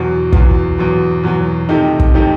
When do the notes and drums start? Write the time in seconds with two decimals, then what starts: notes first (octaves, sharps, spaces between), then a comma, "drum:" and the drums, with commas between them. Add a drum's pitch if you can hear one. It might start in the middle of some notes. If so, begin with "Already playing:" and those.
Already playing: E2 B2 F#3
0.32 E2 B2 F#3, drum: kick
0.78 E2 B2 F#3
1.23 E2 B2 F#3
1.69 C3 D#3 A3 D#4 G4
1.99 drum: kick
2.14 C3 D#3 A3 D#4 G4